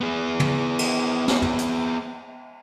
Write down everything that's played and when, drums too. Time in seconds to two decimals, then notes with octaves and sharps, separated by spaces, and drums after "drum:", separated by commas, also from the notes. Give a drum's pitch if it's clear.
0.01 B3 G#4
0.40 drum: tom
0.79 drum: cymbal
1.28 drum: snare
1.42 drum: tom
1.59 drum: hi-hat